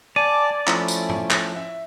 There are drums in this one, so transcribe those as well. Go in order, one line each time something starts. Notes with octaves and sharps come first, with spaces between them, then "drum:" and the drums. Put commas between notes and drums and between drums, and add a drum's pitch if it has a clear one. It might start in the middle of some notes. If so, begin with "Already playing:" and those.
D5 G#5 A5 D6 D#7
F3 A3 C#4 E4, drum: clap
drum: tambourine
drum: tom G#2
drum: clap
E5